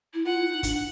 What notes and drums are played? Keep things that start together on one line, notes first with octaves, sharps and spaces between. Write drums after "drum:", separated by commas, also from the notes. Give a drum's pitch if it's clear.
E4
F4 F#5
E4
D#4
D4, drum: kick, hi-hat